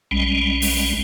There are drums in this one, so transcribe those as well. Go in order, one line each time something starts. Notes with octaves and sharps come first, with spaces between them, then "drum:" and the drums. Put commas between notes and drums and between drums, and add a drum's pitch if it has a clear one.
B1 G3 G#3 C#4
drum: open hi-hat